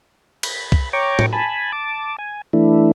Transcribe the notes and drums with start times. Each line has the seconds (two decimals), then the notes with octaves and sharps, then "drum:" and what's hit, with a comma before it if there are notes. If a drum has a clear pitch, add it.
0.43 B5, drum: cymbal
0.72 drum: kick
0.93 C#5 G5 A#5 C#6 D6
1.19 drum: tom A2
1.33 G#5 A5 B5
1.72 A5 D6
2.18 G#5
2.53 E3 A3 D4 E4